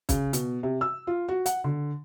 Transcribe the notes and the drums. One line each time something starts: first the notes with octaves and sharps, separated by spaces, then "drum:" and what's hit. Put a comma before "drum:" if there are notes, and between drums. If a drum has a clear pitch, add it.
C#3, drum: kick, hi-hat
B2, drum: hi-hat
C3
E6
F4
F#4
F#5, drum: hi-hat
D3